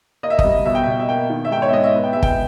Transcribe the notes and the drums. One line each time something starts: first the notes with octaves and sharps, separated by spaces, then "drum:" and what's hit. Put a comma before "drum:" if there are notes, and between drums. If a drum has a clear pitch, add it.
A#3 D#5
E5
D#5, drum: kick
G3
B2 E5
G5
B2 E5
E5
A#3 G5
D#3
E5
G#2 G5
C#5
E5
G#2 D#5
E5
B3
G5
G#3 E5
G5, drum: kick